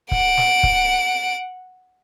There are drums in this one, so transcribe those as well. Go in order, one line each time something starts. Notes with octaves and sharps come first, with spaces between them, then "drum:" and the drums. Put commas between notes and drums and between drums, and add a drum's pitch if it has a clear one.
F#5 D7, drum: kick
drum: snare
drum: kick